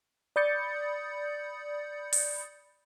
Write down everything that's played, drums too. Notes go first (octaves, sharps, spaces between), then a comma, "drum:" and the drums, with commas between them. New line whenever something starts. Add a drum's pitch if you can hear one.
D5 B5 D#6 G6 A6 C#7
drum: open hi-hat